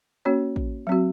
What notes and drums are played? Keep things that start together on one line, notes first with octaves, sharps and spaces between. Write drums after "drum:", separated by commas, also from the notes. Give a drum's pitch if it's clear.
A#3 C#4 F#4 C#5
drum: kick
F#3 C4 F#4